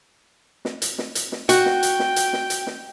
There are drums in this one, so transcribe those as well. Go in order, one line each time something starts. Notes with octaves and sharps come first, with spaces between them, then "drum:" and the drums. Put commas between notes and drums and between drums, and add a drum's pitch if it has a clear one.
drum: snare
drum: hi-hat
drum: snare
drum: hi-hat
drum: snare
F#4 G5, drum: hi-hat
drum: snare
drum: hi-hat
drum: snare
drum: hi-hat
drum: snare
drum: hi-hat
drum: snare